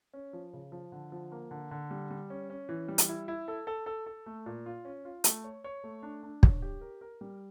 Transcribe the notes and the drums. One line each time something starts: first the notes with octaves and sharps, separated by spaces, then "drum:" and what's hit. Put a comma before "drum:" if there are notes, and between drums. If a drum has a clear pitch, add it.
C#4
F3
C#3
F3
D3
F3
A#3
D3
D3
G3
G3
C#4
C#4
E3
G3
drum: hi-hat
E4
E4
A4
A4
A4
A4
A3
A#2
F4
C#4
F4
A3, drum: hi-hat
C#5
C#5
A3
D4
D4
C#5, drum: kick
G4
A#4
A#4
G3